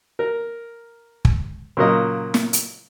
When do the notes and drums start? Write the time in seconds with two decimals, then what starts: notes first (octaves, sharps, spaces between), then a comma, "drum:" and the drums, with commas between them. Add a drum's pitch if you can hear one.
0.19 A#4
1.25 drum: kick
1.77 A#2 C#3 F#3 A#4 D#5
2.34 drum: snare
2.53 drum: hi-hat